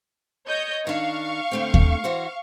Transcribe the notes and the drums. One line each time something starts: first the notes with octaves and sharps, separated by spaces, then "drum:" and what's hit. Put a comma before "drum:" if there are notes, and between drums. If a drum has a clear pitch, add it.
C#5 D#5 G6
D#3 D4 F5 C#6
D3 A3 C4
drum: kick D#2
E3 F#4 C5